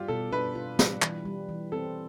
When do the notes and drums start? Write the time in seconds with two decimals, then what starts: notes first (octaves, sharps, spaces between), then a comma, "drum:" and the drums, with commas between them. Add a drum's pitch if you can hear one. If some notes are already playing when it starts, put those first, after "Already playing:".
Already playing: G3 F4 G4
0.08 B2 A4
0.32 D4 B4
0.55 F4
0.79 G3, drum: snare
1.02 E3, drum: clap
1.25 G3
1.49 E3
1.72 C4 A4